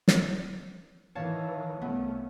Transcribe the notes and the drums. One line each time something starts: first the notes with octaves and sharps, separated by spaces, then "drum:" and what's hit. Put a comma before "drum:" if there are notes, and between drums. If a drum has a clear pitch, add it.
drum: snare
D#3 E3 C#5 F5 A5
C2 A3 B3 C#4